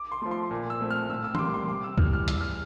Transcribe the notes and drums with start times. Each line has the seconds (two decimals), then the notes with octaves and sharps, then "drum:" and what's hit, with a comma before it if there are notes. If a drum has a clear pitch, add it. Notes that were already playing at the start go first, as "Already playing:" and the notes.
Already playing: D6
0.12 C6
0.22 F3 A3
0.31 C6
0.51 A#2
0.70 E6
0.81 A3 C4
0.91 F6
1.09 A2 E6
1.24 E6
1.35 C6, drum: tom E3
1.39 G3 A#3 D6
1.54 C6
1.68 C3 D6
1.84 E6
1.98 E3 G3 F6, drum: kick C2
2.13 F6
2.28 E2 E6, drum: hi-hat
2.41 F6